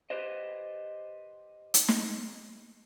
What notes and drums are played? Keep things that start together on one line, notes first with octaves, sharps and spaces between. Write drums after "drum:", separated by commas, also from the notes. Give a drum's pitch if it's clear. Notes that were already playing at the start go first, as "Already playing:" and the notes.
G4 B4 C5 D#5
drum: hi-hat
drum: snare